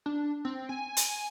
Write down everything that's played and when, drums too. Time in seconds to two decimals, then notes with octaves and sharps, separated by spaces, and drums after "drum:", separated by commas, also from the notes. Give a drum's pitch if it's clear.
0.06 D4
0.45 C4
0.69 G#5
0.97 drum: hi-hat